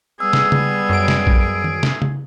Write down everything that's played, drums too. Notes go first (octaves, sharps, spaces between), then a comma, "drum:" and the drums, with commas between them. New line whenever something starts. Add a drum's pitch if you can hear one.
G3 B3 G#4 E6 G#6
drum: snare
drum: tom C#3
F#2 D7
drum: snare
drum: kick A#1
drum: tom D#3
drum: snare
drum: tom C#3